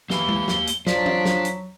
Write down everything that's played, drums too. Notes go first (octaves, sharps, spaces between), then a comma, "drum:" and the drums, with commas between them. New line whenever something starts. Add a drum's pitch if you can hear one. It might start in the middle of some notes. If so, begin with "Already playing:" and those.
E3 A#3 G4 F5 G7, drum: snare
drum: tom G#3
drum: snare
drum: hi-hat
F3 F#3 D4 B6, drum: snare
drum: tom
drum: snare
drum: hi-hat